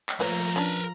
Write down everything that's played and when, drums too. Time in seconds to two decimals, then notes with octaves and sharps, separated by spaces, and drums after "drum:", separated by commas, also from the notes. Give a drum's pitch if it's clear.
0.09 drum: clap
0.20 F3 A3 A#3 B4 C#5 F#5 A#5
0.56 C#4 D4 A#4 B4